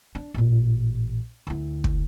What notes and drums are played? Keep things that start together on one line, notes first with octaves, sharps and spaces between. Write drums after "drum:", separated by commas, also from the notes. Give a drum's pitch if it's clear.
D4
A1 A#2
D2 E4
drum: kick